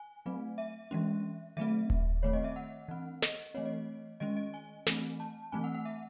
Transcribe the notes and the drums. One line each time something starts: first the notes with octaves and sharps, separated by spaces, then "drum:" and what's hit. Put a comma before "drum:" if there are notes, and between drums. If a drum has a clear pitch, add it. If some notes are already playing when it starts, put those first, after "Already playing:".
Already playing: G#5
F#3 A3 C4
E5
E3 G#3 C#4
D#3 F#3 A3 C4 E5
drum: kick D#1
D#3 A3 C4 C#5
D#5
E5
F#5
E3 C4
D#5, drum: snare
E3 A3 C4 C#5
D#5
D#3 G#3 C#4 D#5
D#5
G#5
E3 A3 C4, drum: snare
A5
E3 A3 C4 G#5
F#5
F#5
E5